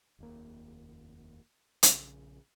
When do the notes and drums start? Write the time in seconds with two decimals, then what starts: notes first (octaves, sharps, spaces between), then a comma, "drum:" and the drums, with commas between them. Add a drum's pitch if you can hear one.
0.19 F1 D#2 A#3
1.83 A#1 C#3, drum: hi-hat